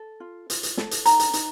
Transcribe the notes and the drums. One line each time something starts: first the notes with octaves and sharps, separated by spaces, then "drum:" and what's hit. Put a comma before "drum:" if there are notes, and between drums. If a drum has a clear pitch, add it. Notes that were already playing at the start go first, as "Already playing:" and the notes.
Already playing: A4
F4
F4, drum: hi-hat
drum: hi-hat
A4, drum: snare
drum: hi-hat
D#4 A#5, drum: hi-hat
drum: hi-hat
D#4, drum: hi-hat